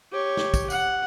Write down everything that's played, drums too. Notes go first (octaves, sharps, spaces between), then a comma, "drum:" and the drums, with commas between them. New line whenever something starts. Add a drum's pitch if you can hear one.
G4 C#5
drum: snare
drum: kick, tambourine
F#5, drum: tambourine